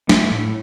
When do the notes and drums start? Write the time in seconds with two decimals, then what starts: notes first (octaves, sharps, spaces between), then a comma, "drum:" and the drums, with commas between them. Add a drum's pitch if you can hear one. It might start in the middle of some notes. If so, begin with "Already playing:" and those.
0.09 A3, drum: snare
0.31 A2